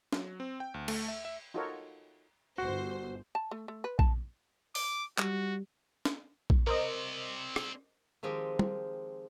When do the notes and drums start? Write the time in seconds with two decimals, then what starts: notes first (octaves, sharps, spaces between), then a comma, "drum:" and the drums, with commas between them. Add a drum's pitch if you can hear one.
0.13 F#3, drum: snare
0.40 C4
0.60 G5
0.74 D2
0.88 A3, drum: cymbal
1.08 E5
1.25 E5
1.54 D#4 F4 F#4 A4 A#4 C#5
2.58 G1 F#4 C5
3.35 A5
3.51 A3
3.68 A3
3.84 B4
3.99 A5, drum: kick A#1
4.75 D6, drum: open hi-hat
5.18 G3 F#4, drum: clap
6.05 drum: snare
6.50 drum: kick A#1
6.67 C4 A#4 C5 D5 D#5
7.56 drum: rim click
8.23 D#3 F3 G#3 C4 G4
8.59 drum: tom